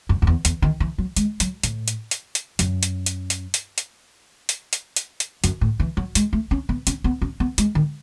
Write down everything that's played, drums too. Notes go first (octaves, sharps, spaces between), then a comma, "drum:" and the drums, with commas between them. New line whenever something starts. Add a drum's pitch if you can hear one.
F#2
F#2
E2
E2, drum: hi-hat
D#3
E3
F#3
G#3, drum: hi-hat
F#3, drum: hi-hat
A2, drum: hi-hat
drum: hi-hat
drum: hi-hat
drum: hi-hat
F#2, drum: hi-hat
drum: hi-hat
drum: hi-hat
drum: hi-hat
drum: hi-hat
drum: hi-hat
drum: hi-hat
drum: hi-hat
drum: hi-hat
drum: hi-hat
F#2, drum: hi-hat
A2
E3
F#3
G#3, drum: hi-hat
A3
C#4
B3
C#4, drum: hi-hat
B3
C#4
B3
G#3, drum: hi-hat
D#3